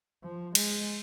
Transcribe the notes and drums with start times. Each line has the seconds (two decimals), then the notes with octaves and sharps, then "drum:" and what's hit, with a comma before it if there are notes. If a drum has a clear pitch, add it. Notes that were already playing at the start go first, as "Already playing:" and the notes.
0.24 F3
0.55 G#3, drum: cymbal